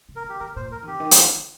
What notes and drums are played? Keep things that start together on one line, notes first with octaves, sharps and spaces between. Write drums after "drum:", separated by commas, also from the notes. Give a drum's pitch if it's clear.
C3
A#4
D#3
G4
D#3 A#4
A#2 C5
F3 A#4
D#3
C3 G4
D#3
F3, drum: hi-hat
D#3